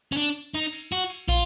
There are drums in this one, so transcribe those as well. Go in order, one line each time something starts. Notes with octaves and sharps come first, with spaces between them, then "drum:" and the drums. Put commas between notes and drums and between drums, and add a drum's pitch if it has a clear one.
C#4
D4
D#4, drum: cymbal
drum: cymbal
F#4, drum: cymbal
drum: cymbal
F4, drum: kick, cymbal